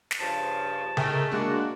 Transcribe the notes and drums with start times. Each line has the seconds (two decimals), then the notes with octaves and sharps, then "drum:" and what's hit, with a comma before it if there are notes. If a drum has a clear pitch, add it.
0.11 drum: snare
0.20 G2 C#3 F3 A5
0.97 D#3 A3 G#4 A#4 G5, drum: tom C#3
1.31 G#3 A#3 D4 F#4